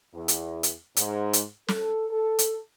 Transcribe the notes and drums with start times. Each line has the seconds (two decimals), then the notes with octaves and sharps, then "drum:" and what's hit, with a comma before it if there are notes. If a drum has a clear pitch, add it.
0.14 E2
0.28 drum: hi-hat
0.63 drum: hi-hat
0.96 G#2, drum: hi-hat
1.33 drum: hi-hat
1.68 A4, drum: snare
2.11 A4
2.39 drum: hi-hat